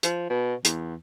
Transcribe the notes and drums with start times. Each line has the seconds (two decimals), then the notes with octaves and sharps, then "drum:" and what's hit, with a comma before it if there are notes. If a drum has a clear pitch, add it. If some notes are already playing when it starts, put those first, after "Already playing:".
0.03 F3, drum: hi-hat
0.30 B2
0.65 E2, drum: hi-hat